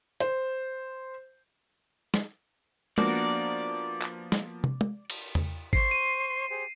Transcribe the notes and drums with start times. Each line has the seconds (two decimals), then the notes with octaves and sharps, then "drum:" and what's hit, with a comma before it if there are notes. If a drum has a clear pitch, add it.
0.20 C5, drum: hi-hat
2.14 drum: snare
2.98 F3 A#3 B3 D4 F#4 A#4 D5, drum: tom
4.02 drum: clap
4.32 drum: snare
4.64 drum: tom
4.81 drum: tom
5.10 drum: cymbal
5.35 drum: tom E2
5.73 C5 C6 C#6 C7, drum: kick G#1
5.91 D#7
6.49 G4 G#4 C5